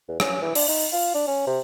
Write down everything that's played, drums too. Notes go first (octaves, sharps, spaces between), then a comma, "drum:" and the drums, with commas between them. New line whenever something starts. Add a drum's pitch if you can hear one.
E2
C#4, drum: rim click
E3
D4, drum: open hi-hat
D#4
F4
D4
C#4
C3